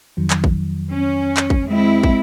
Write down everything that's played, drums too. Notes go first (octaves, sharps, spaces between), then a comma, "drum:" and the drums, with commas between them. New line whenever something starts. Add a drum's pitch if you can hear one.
F2 D#3 F#3
drum: clap
drum: kick
C#4
drum: clap
drum: kick
G#3 C4 E4
drum: kick